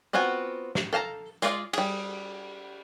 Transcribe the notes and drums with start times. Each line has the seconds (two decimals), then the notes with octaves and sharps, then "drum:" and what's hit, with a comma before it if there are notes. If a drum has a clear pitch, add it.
0.13 B3 C4 F4 F#4 G#5
0.75 drum: snare
0.93 A4 F5 A5 A#5
1.42 G#3 F4 G#4 D5 F5, drum: tambourine
1.73 G3 G#4, drum: cymbal